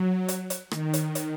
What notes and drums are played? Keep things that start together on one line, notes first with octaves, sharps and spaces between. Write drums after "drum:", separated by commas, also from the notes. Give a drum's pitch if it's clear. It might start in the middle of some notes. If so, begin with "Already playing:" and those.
Already playing: F#3
drum: hi-hat
drum: hi-hat
D#3, drum: rim click
drum: hi-hat
drum: hi-hat